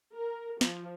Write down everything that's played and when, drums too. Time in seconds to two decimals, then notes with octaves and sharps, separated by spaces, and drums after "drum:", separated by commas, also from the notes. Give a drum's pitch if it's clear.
0.13 A#4
0.61 F3, drum: snare